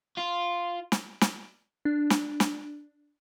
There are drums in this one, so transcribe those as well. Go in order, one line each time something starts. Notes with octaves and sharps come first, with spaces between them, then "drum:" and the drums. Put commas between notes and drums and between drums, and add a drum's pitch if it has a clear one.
F4
drum: snare
drum: snare
D4
drum: snare
drum: snare